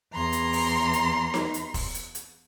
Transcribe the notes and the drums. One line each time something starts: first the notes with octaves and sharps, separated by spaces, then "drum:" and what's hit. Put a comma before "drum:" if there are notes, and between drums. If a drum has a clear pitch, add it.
E2 A#5 C6
drum: hi-hat
drum: open hi-hat
drum: hi-hat
drum: snare D#4
drum: hi-hat
drum: kick E1, open hi-hat
drum: hi-hat
drum: hi-hat